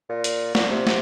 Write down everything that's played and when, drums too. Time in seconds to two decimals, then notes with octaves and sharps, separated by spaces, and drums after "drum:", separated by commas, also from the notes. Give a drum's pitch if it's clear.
0.09 A#2
0.24 drum: hi-hat
0.55 A#2, drum: snare
0.71 C3
0.87 drum: snare